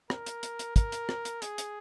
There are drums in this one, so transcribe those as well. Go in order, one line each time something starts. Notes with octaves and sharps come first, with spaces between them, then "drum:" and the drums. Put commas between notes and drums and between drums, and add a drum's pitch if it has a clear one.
A#4, drum: rim click
drum: hi-hat
drum: hi-hat
drum: hi-hat
A#4, drum: kick, hi-hat
drum: hi-hat
drum: rim click
drum: hi-hat
G#4, drum: hi-hat
drum: hi-hat